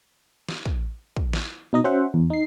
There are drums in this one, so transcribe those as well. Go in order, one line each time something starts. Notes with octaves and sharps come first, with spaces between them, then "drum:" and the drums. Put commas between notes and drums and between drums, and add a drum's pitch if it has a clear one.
drum: snare
drum: kick
drum: kick
drum: snare
B2 D#4 D#5
C#4 F#4 C5 E5 F#5
E2
D#4 C7